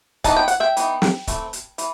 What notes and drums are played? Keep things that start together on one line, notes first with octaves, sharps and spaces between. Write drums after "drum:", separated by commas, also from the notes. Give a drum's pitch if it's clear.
E3 B3 D#4 A5, drum: kick, hi-hat
G5
F#5, drum: hi-hat
E5 G5
E3 B3 D#4, drum: hi-hat
drum: snare
E3 A3 C4, drum: kick, hi-hat
drum: hi-hat
E3, drum: hi-hat